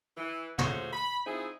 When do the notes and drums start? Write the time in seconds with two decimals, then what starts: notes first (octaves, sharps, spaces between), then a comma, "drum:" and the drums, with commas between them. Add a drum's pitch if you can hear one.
0.17 E3
0.58 F3 G#3 A3 C#4 F#4 C5, drum: tom
0.93 B5
1.26 F3 C4 D#4 E4 G#4